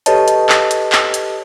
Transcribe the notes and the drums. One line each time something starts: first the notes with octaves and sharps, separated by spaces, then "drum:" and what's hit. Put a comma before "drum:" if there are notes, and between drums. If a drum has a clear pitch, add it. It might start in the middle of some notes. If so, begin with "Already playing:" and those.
G4 A4 B4 C#5 D#5 A5, drum: hi-hat
drum: hi-hat
drum: clap
drum: hi-hat
drum: clap
drum: hi-hat